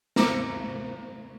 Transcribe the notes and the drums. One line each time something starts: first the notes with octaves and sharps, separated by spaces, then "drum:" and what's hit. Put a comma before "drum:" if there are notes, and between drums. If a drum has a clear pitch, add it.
C4 A#5 D6 C#7, drum: snare